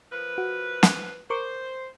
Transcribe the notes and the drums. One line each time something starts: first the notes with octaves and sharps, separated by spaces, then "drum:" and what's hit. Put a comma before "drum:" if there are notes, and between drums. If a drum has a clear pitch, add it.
F3 A#4 B4
F#4
drum: snare
A#4 C5 C#6 D6